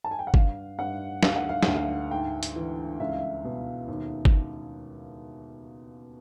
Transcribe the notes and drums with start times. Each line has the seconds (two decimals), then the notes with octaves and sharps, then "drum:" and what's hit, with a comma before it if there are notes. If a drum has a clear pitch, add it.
0.04 A5
0.11 G#5
0.19 G5
0.27 F#5
0.34 G2 F5, drum: kick G1
0.79 G2 F#5
1.23 D2 F5, drum: snare
1.36 F#5
1.49 F5
1.63 D2 F#5, drum: snare
1.76 F5
2.11 G#2 G5
2.43 drum: hi-hat
2.56 E3
3.00 C#2 E5
3.08 F5
3.17 E5
3.44 B2
3.88 D#2
4.25 drum: kick G1